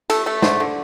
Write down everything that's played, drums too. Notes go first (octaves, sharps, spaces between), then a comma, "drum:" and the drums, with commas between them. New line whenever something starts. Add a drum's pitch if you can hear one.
A3 A4, drum: cymbal
A3 A4
D3 C5, drum: snare
D3